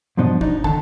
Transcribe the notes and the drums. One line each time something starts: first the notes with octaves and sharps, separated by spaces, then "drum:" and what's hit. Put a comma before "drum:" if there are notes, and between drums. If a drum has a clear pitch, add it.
G2 B2 F3 B3 D4 D#5
D4 D#4, drum: kick
D3 D#3 A5, drum: kick